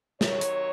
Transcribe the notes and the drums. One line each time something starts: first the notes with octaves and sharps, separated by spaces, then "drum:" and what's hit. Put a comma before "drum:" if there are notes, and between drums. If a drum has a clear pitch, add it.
C3 D#3 F#3 C#5, drum: snare
drum: hi-hat